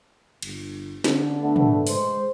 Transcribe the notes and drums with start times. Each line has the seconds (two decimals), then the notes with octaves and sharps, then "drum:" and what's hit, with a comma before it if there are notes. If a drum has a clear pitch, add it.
0.42 G1, drum: cymbal
1.04 D3, drum: snare
1.41 A3 B3 D4
1.56 drum: tom
1.87 G#3 C5, drum: open hi-hat